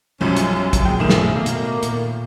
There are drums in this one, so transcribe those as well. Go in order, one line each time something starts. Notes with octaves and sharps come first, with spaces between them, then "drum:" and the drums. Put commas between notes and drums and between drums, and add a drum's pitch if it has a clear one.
B1 F#2 F3 G3 C#4
drum: hi-hat
drum: kick, hi-hat
F#2 A#2 G#3 G5
A2 D#3 F3 G#4 A4 E7
drum: snare
B2 A#3
drum: hi-hat
A#2, drum: hi-hat